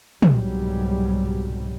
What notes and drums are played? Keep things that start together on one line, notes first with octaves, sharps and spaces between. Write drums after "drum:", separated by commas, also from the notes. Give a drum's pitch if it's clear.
C2 G#2 B2 F#3 G3, drum: tom